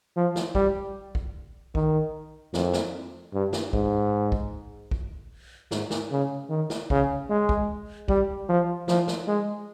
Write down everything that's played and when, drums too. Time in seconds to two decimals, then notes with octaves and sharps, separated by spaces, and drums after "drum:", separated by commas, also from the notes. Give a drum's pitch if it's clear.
0.16 F3
0.36 drum: snare
0.55 G3, drum: kick
1.15 drum: kick
1.75 D#3, drum: kick
2.54 F2, drum: snare
2.73 drum: snare
3.33 G2
3.53 drum: snare
3.73 G#2, drum: kick
4.32 drum: kick
4.91 drum: kick
5.71 G#2, drum: snare
5.91 drum: snare
6.11 C#3
6.49 D#3
6.70 drum: snare
6.90 C#3, drum: kick
7.30 G#3
7.49 drum: kick
8.08 G3, drum: kick
8.49 F3
8.88 F3, drum: snare
9.08 drum: snare
9.27 G#3